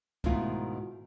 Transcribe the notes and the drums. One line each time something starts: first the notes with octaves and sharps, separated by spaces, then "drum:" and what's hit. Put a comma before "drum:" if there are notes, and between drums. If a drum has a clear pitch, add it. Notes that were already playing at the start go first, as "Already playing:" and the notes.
G#2 B2 D#3 A3 E4 F4, drum: kick